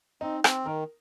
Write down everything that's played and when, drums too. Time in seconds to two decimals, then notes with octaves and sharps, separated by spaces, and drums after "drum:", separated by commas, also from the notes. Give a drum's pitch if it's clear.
0.21 C4 D#4
0.44 C4, drum: rim click
0.66 D#3 A#4